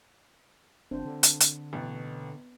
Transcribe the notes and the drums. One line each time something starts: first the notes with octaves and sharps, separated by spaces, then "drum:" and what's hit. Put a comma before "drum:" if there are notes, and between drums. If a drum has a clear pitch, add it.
G1 C4 D4 C5
D3
drum: hi-hat
drum: hi-hat
A1 B2